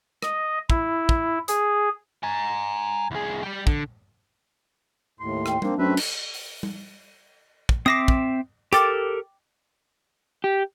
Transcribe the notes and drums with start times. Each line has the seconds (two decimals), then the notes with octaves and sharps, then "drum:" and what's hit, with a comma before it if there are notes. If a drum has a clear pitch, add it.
0.22 D#5, drum: rim click
0.70 E4, drum: kick
1.09 drum: kick
1.48 G#4, drum: hi-hat
2.23 G#5 A#5
3.12 C2 G#4
3.44 G3 G5
3.67 D3, drum: kick
5.20 D#2 A2 C6
5.46 G5, drum: rim click
5.62 A#3 C4 D4, drum: tom G3
5.78 F#2 A3 C4 B4 E5
5.97 drum: cymbal
6.34 drum: open hi-hat
6.63 drum: tom G3
7.69 drum: kick
7.86 C4 E5 D6 D#6 A#6 C7
8.08 drum: kick
8.73 G4 A4 A#4 G5 D6 A6, drum: hi-hat
10.44 G4